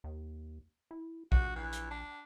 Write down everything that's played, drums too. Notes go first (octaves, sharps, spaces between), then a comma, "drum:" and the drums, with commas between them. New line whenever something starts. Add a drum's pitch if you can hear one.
D#2
E4
A#1 F#4, drum: kick
E3
drum: hi-hat
D4